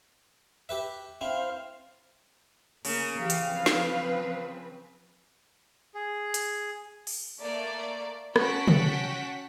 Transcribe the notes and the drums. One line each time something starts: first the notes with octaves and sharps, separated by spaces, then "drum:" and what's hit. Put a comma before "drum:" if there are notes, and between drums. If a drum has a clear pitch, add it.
G4 B4 E5
C4 E4 C5 F5
C#3 A#3 A#4, drum: open hi-hat
E3 G4 F5
drum: hi-hat
F3 C4 B4
drum: snare
G#4
drum: hi-hat
drum: open hi-hat
A3 A#3 D5
C#4 F#4 F#5 G5 A5 B6, drum: rim click
drum: tom